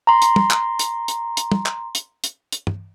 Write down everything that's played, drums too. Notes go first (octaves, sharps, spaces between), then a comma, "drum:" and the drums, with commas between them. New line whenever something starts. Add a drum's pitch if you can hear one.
A#5 C6
drum: hi-hat
drum: tom
drum: clap
drum: hi-hat
drum: hi-hat
drum: hi-hat
drum: tom
drum: clap
drum: hi-hat
drum: hi-hat
drum: hi-hat
drum: tom